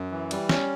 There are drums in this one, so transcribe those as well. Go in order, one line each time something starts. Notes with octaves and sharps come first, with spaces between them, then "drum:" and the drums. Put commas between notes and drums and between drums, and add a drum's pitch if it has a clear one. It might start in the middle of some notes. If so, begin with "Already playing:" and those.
Already playing: F#2
E3
G3, drum: cymbal
C#4, drum: snare